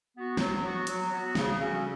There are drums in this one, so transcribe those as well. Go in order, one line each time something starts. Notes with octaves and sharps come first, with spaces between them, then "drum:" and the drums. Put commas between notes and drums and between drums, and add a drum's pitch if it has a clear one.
B3 F#4
F#3, drum: snare
B3 F#4
F#3, drum: hi-hat
B3 F#4
C#3, drum: snare
G3 C#4 F#4 A4